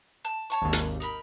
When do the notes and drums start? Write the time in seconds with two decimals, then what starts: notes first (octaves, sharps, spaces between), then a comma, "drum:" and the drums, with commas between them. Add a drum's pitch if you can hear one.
0.25 A5
0.50 C#5 A5 C#6
0.62 G#1 D#2
0.73 drum: hi-hat
1.00 D#4 A#4 B5